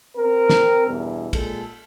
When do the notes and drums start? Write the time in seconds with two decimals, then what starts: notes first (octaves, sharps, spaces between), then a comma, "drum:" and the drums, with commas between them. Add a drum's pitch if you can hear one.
0.16 C4 A#4
0.50 drum: snare
0.87 E2 G2 B2
1.33 A#2 G#3 A4, drum: kick, cymbal